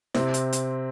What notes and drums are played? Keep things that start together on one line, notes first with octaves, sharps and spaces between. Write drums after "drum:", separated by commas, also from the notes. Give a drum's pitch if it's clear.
C3 C4, drum: snare E4
drum: hi-hat
drum: hi-hat